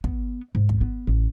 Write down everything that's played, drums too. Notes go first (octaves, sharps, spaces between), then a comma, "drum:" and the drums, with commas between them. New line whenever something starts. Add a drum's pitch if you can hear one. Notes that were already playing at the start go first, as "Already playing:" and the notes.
B3, drum: kick
G#2
drum: kick
B3
A1